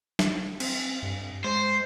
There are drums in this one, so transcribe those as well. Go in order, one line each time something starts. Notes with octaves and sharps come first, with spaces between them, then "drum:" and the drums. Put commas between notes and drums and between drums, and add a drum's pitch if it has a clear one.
drum: snare
C4, drum: cymbal
G2
G#3 C5